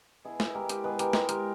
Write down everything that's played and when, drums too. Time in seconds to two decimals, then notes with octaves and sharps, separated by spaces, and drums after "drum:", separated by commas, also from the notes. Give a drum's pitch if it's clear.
0.25 B2 E4 G#4
0.40 E4 G#4, drum: snare
0.54 G#3 G4 A#4
0.69 G4 A#4, drum: hi-hat
0.84 B2 G#4 B4
0.99 G4 A#4, drum: hi-hat
1.13 G#3 G4 A#4, drum: snare
1.29 G4 A#4, drum: hi-hat